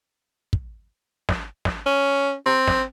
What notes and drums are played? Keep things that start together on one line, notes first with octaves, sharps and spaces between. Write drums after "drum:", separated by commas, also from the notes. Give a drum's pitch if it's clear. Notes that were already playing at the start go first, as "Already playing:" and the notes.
drum: kick
drum: snare
drum: snare
C#4
C4
drum: snare